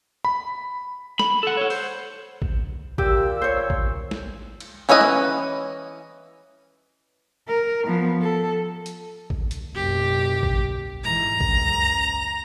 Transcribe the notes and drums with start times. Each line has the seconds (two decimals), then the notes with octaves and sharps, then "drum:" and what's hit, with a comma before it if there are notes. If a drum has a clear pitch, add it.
0.25 B5
1.19 B5, drum: snare
1.43 A4 F#5
1.57 A4 C#5
1.70 C5, drum: open hi-hat
2.42 drum: kick
2.98 A#2 G4 E6, drum: kick
3.42 C5 C#5
3.70 drum: kick
4.11 drum: snare
4.60 drum: cymbal
4.89 E3 C#4 E4 B4 D#5
5.01 drum: snare
7.48 A#4
7.87 F3 B3
8.21 A4
8.86 drum: hi-hat
9.30 drum: kick
9.51 drum: hi-hat
9.75 F#1 B2 G4
10.43 drum: kick
11.04 G#2 E3 A#5
11.41 C#2 F#2, drum: kick